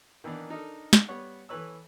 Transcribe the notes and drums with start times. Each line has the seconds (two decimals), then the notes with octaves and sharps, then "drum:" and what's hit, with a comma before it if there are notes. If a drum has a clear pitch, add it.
0.24 D#3 E3 A#3 B3 D4 D#4
0.50 D4 D#4 A4 A#4 D#5
0.93 drum: snare
1.08 G3 B3 C#5 F#5
1.49 E3 A4 B4 C#5 E6